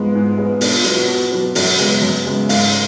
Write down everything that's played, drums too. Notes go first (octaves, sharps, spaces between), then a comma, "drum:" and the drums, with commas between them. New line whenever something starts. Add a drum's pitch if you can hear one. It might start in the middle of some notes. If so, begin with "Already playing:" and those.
Already playing: G#2 G#3 B3 F4
G#2
G#3 B3
B2 D4, drum: open hi-hat
F4
F#3 B3 F4, drum: hi-hat
F#4
B2 F#4
F#3 B3
F#2 F#4, drum: open hi-hat
C#3 G#3 B3, drum: hi-hat
F#2
C#3 G#3 B3
G#2 F5, drum: open hi-hat